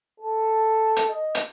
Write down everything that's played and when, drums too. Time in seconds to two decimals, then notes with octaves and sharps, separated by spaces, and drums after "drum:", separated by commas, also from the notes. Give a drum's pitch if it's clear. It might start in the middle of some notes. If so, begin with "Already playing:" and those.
0.20 A4
0.97 drum: hi-hat
1.09 D#5
1.35 drum: hi-hat